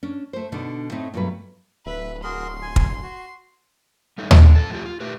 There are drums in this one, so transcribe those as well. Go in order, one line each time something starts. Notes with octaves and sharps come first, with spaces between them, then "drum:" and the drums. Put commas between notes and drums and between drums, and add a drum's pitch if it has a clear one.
C#4 D4
A3 C5
B2 D3 D4 D#4
A2 A3 C4 D#4
G2 B2 F#3 A3 B4
D1 B4 E5
F#4 G#4 A#4 C6
G#5
drum: kick
F#4
G3 A3 D#4
D3, drum: tom D#2
F2 A4 A5
A2 F3 G#3 F4 G4
F4
A3 G4 B4